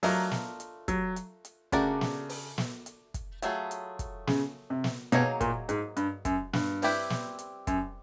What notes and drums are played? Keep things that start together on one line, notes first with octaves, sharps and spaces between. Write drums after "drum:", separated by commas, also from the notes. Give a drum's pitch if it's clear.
F#3 A3 D4 F4 A#4 D#5, drum: open hi-hat
drum: snare
drum: hi-hat
F#3, drum: kick, hi-hat
drum: hi-hat
drum: hi-hat
C#3 A3 D4 F#4 A#4 D5, drum: kick, hi-hat
drum: snare
drum: open hi-hat
drum: snare
drum: hi-hat
drum: kick, hi-hat
F#3 A3 D4 F4 G#4, drum: hi-hat
drum: hi-hat
drum: kick, hi-hat
C#3, drum: snare
C3
drum: snare
B2 F#3 A#3 D#4 G#4 C#5, drum: hi-hat
A#2, drum: kick, hi-hat
G#2, drum: hi-hat
G2, drum: hi-hat
F#2, drum: kick, hi-hat
G2, drum: snare
G3 C4 E4 G4 B4, drum: open hi-hat
drum: snare
drum: hi-hat
F#2, drum: kick, hi-hat